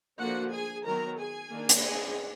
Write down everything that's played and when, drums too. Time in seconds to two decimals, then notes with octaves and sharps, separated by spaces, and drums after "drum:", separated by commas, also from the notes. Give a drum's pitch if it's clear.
0.19 D3 F3 A#3 D4 F#4 F#5
0.53 G#4 G#5
0.85 D#3 F#3 B3 A#4 A#5
1.19 G#4 G#5
1.53 D#3 A#3 D4
1.69 drum: hi-hat
1.86 G#4 G#5